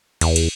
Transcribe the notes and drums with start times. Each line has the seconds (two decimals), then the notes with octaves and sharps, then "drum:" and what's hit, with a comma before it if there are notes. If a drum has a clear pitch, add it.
0.21 E2, drum: cymbal
0.36 drum: cymbal